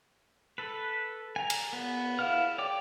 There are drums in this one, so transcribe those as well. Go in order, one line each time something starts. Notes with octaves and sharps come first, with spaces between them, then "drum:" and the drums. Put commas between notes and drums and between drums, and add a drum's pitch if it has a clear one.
A4 B4
G#5 A#5
drum: cymbal
B3
E4 F5 F#5 F6
C#5 D5 G5 D6